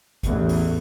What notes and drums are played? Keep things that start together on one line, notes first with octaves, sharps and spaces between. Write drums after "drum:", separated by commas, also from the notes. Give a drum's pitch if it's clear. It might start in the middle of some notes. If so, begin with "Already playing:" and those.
A1 E2, drum: kick, hi-hat
drum: open hi-hat